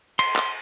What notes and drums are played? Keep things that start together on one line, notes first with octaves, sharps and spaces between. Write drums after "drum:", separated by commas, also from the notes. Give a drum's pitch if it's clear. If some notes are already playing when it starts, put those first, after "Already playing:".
C6, drum: cymbal
drum: clap